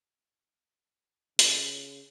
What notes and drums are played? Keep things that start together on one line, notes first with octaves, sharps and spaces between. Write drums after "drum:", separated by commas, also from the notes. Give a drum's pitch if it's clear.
C#3, drum: hi-hat